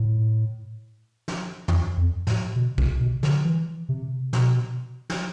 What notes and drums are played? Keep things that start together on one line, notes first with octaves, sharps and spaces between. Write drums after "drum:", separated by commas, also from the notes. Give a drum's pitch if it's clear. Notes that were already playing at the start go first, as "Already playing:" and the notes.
Already playing: A2
drum: snare
F2, drum: tom
F2
A2, drum: snare
B2
C3, drum: kick B1
B2
D3, drum: snare
E3
C3
B2, drum: snare
drum: snare